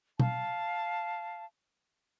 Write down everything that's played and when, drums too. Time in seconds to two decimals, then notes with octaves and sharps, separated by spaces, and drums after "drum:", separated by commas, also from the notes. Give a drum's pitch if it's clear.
0.20 F5 A5, drum: tom B2